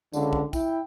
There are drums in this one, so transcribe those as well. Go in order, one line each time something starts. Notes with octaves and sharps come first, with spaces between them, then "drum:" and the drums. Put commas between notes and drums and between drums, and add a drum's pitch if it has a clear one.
C#2 D3, drum: tambourine
drum: kick
E4 G5, drum: kick, tambourine